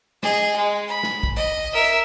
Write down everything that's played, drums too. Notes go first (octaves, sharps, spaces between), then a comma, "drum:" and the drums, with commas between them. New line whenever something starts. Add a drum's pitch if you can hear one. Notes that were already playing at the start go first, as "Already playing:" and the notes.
G#4 D#5, drum: snare
G#3
B5
drum: snare
drum: kick A1
D#5
A#4 E5
drum: hi-hat